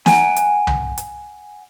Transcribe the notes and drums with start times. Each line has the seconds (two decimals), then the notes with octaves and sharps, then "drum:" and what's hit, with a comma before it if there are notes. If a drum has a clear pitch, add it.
0.06 F#5 G#5, drum: snare
0.36 drum: hi-hat
0.67 drum: tom C2
0.98 drum: hi-hat